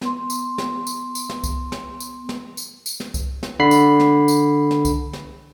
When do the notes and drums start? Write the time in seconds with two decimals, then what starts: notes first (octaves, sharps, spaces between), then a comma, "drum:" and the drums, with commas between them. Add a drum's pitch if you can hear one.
0.01 B3 C6, drum: snare
0.30 drum: tambourine
0.58 drum: snare
0.87 drum: tambourine
1.15 drum: tambourine
1.29 drum: snare
1.44 drum: kick C2, tambourine
1.72 drum: snare
2.00 drum: tambourine
2.29 drum: snare
2.57 drum: tambourine
2.86 drum: tambourine
3.00 drum: snare
3.14 drum: kick C2, tambourine
3.43 drum: snare
3.60 D3 B5 C7
3.71 drum: tambourine
4.00 drum: snare
4.28 drum: tambourine
4.71 drum: snare
4.85 drum: kick C2, tambourine
5.13 drum: snare